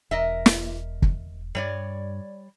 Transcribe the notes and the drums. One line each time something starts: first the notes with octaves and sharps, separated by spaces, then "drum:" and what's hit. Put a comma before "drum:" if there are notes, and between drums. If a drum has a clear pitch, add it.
E1 A#4 D#5 E5
drum: snare
drum: kick
G2 G3 C#5 D5